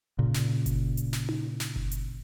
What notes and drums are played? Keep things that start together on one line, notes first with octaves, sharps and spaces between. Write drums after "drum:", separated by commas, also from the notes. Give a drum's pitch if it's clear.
A#2 C#3
drum: snare
drum: kick F#1, hi-hat
drum: hi-hat
drum: snare
drum: tom D#4
drum: snare
drum: kick F#1
drum: hi-hat